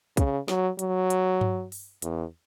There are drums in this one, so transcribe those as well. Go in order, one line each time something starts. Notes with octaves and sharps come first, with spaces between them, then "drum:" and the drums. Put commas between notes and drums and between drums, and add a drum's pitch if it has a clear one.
C#3, drum: kick, hi-hat
F#3, drum: snare
F#3, drum: hi-hat
drum: hi-hat
drum: tom G2
drum: open hi-hat
E2, drum: hi-hat